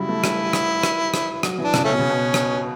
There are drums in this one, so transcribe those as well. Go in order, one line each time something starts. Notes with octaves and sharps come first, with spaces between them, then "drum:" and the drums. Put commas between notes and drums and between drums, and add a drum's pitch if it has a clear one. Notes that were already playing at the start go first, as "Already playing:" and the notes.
Already playing: C#3 F#3 G3 E4
A3
G3, drum: rim click
drum: rim click
drum: rim click
drum: rim click
F#3, drum: rim click
E3
D4
C#3, drum: rim click
A3 C#4
B2
C#3
B2
drum: rim click